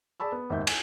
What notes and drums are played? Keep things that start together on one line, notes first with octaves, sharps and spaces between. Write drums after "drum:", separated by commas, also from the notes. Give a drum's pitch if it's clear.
G#4 D5 A5 B5 E6
B3
G#1 D#2 E5 G6
G#5, drum: cymbal